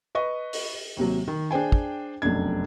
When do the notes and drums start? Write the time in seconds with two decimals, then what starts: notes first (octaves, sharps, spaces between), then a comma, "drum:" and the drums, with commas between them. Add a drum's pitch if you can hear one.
0.15 B4 D#5 C#6
0.53 drum: open hi-hat
0.97 D#2 C3 F#3
1.28 D#3
1.51 D4 G#4 C5 G5 G#5
1.72 drum: kick
2.22 F1 B1 F#2 D4 G#6